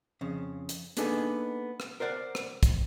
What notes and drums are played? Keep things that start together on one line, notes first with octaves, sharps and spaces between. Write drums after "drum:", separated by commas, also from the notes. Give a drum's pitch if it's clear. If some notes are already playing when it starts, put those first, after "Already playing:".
F2 C#3
drum: hi-hat
A#3 B3 D4 D#4 G#4 A4, drum: hi-hat
drum: rim click
A#4 C5 D5 F#5
drum: rim click
drum: kick, hi-hat